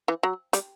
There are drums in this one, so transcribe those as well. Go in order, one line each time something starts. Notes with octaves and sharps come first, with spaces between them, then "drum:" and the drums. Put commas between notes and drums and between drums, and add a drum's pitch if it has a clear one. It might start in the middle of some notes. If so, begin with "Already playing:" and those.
E3
F#3
G3, drum: hi-hat